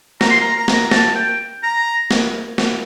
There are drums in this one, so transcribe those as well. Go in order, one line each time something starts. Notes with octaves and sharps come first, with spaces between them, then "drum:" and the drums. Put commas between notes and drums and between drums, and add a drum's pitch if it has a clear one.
A#5, drum: snare
C6
A#5
A#5
drum: snare
A5, drum: snare
G5
A#5
drum: snare
drum: snare